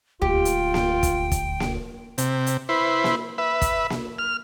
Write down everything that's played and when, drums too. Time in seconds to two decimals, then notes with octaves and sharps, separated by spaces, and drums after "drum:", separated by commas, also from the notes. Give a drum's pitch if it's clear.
0.22 D#1 D2 F4 G4 G5
0.45 drum: hi-hat
0.74 drum: snare A#3
1.03 drum: kick, hi-hat
1.31 drum: kick, hi-hat
1.60 drum: snare A#3
2.18 C3, drum: hi-hat
2.47 drum: hi-hat
2.69 E4 B4 C5
3.04 drum: snare A#3
3.38 B4 E5
3.62 drum: kick, hi-hat
3.90 drum: snare A#3
4.19 F6